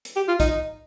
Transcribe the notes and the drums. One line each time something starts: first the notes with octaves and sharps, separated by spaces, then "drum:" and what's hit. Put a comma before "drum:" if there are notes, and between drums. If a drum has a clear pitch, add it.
drum: hi-hat
G4
F4
D#4, drum: kick, hi-hat